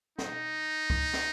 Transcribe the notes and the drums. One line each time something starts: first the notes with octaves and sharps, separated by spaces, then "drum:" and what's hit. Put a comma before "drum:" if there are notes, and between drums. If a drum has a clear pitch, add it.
D#4, drum: snare
drum: kick C#2
drum: snare